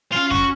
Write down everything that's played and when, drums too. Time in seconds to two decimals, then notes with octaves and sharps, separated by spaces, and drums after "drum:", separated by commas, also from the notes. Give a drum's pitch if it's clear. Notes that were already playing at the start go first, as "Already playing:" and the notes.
0.13 C#4 F4
0.31 F#4, drum: kick F2